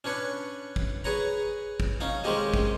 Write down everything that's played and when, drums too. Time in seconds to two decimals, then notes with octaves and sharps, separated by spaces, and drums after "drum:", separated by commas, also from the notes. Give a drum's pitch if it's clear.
0.04 C#4 D4 B4 C#5
0.76 drum: kick
1.04 G#4 B4 C#5 A#5
1.80 drum: kick
2.00 C#4 D#4 F5
2.24 D#3 G#3 C4 C#4 G4 D#5
2.54 drum: kick